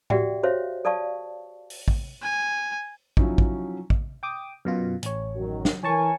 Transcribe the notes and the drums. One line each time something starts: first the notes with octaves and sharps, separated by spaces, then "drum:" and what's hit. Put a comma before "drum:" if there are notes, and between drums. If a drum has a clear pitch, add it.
F#4 G4 D5 E5 F#5 G5, drum: tom A2
F#4 C5 C#5 E5 F5
A4 D5 F5 A5 C#6
drum: open hi-hat
drum: kick
G#5
F3 F#3 C#4 D#4 E4, drum: kick
drum: kick
drum: kick
G5 D6 D#6
F#2 B2 F4
A1 C#5, drum: hi-hat
F#2 D#3 F#3
drum: snare
E3 A#4 C#5 G#5 A5 C#6